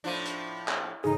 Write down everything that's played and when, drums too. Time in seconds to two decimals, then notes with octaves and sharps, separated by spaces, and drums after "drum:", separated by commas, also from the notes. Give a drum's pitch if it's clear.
0.04 A2 F3 D4 E4 C5 D#7
0.25 drum: hi-hat
0.68 drum: clap
1.04 A1 G#2 C#3 D#4 G#4